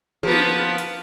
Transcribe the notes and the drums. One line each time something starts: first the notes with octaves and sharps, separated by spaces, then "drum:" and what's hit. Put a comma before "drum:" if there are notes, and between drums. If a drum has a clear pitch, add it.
F3 A#3 B3, drum: tom
drum: hi-hat